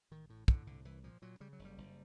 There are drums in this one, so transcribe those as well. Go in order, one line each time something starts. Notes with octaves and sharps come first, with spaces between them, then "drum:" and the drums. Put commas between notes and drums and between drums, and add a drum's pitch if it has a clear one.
A1 D#3
A2
A2 D3, drum: kick
C2 D3
C2 E3
A#2 F3
A#2 F#3
C#3 G3
F#3
F#1
G3
F#1